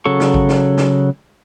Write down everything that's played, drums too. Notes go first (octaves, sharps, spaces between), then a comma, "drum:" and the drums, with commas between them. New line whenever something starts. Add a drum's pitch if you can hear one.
C#3 F#3 A4 C#6
drum: snare
drum: kick G#1
drum: snare
drum: snare